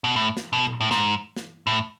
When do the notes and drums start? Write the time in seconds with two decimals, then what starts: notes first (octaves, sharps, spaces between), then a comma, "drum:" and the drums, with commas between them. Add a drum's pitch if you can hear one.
0.04 B2
0.16 A2
0.37 drum: snare
0.53 B2
0.67 drum: tom A#2
0.81 A2
0.91 G#2, drum: snare
1.36 drum: snare
1.67 A2